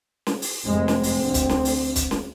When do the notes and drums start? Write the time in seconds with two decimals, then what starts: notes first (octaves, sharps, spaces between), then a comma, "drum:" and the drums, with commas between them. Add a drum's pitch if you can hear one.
0.27 drum: snare
0.42 drum: open hi-hat
0.65 F1 G#3 C4
0.88 drum: snare
1.03 drum: open hi-hat
1.19 D2
1.34 drum: kick, hi-hat
1.49 drum: snare
1.65 drum: open hi-hat
1.96 drum: kick, hi-hat
2.11 drum: snare